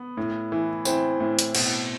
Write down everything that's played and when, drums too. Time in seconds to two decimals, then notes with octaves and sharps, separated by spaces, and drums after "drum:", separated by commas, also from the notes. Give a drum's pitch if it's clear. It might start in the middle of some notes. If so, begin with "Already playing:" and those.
Already playing: B3
0.17 A2
0.52 E3
0.85 E3 C4, drum: tambourine
1.20 A2
1.39 drum: hi-hat
1.55 B2, drum: cymbal